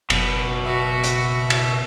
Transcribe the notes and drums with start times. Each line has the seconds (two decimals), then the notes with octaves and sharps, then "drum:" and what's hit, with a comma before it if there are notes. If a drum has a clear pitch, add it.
0.10 F#1 B2, drum: cymbal
0.66 F#4 E5
1.04 drum: hi-hat
1.50 drum: cymbal